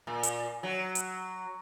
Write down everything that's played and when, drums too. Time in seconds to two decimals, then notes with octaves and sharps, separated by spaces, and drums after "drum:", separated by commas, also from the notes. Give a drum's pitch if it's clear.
0.07 A#2
0.23 drum: hi-hat
0.63 F#3
0.95 drum: hi-hat